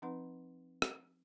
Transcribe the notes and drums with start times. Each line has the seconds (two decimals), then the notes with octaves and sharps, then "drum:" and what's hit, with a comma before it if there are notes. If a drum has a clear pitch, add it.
0.02 F3 C4 D#4 B4 F#5 C6
0.82 drum: rim click